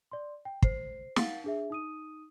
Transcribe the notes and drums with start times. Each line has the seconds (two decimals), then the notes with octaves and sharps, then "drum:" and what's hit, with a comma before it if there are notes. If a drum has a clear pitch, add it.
0.12 D5 C6
0.45 G5
0.62 C5 C7, drum: kick
1.16 F5 F#5 A6, drum: snare
1.44 D4 G#4 E5
1.70 D#4 D#6 D#7